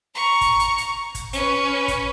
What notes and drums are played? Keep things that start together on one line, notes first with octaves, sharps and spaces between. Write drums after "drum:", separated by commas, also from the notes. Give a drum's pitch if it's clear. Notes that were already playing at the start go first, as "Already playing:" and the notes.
A#5 C#6
drum: kick, hi-hat
drum: hi-hat
drum: hi-hat
drum: kick, hi-hat
C#4 B4, drum: hi-hat
drum: kick, hi-hat